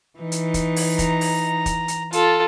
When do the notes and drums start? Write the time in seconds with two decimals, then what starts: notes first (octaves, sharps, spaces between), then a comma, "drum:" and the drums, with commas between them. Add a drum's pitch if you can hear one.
0.20 E3 D#4
0.32 drum: hi-hat
0.54 drum: kick, hi-hat
0.76 drum: open hi-hat
0.99 A#5, drum: kick, hi-hat
1.21 drum: open hi-hat
1.66 drum: kick, hi-hat
1.88 drum: hi-hat
2.13 F4 A4, drum: hi-hat